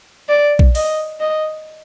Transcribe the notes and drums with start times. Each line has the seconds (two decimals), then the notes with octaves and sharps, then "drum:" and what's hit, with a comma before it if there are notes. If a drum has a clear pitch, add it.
0.29 D5
0.59 drum: kick A#1
0.75 D#5, drum: open hi-hat
1.20 D#5